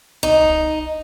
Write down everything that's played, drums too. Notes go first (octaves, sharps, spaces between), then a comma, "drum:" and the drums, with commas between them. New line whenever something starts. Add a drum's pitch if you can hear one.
D#4, drum: tom C2
drum: kick